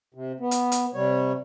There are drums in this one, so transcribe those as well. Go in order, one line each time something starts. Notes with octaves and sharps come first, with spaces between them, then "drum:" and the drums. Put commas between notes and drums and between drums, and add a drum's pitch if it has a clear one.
C3
B3
drum: hi-hat
drum: hi-hat
C3 G3 C#5